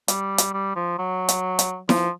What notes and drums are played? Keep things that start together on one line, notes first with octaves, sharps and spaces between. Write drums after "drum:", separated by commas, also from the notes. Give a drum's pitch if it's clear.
G3, drum: hi-hat
drum: hi-hat
G3
F3
F#3
drum: hi-hat
drum: hi-hat
F3, drum: snare E4